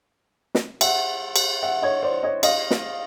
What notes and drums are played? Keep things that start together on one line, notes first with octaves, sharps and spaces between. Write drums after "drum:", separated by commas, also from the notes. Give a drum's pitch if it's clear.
drum: snare
E5 F#5, drum: cymbal
drum: cymbal
E5 F#5
C#5 D#5
C5 D5
C#5 D#5
D#5 F5, drum: cymbal
drum: snare